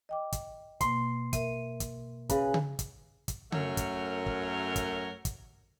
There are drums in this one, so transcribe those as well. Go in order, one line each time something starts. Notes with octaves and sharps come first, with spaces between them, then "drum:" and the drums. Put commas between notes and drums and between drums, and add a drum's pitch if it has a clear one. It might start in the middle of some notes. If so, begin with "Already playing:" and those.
D#5 G5 D6
drum: kick, hi-hat
B2 A#3 C6, drum: kick, hi-hat
A#4 E5 D#7, drum: kick, hi-hat
drum: kick, hi-hat
C#3 B4, drum: kick, hi-hat
drum: tom C#3
drum: kick, hi-hat
drum: kick, hi-hat
F#2 A3 A#4 C#5 F#5, drum: tom C#3
drum: kick, hi-hat
drum: kick
drum: kick, hi-hat
drum: kick, hi-hat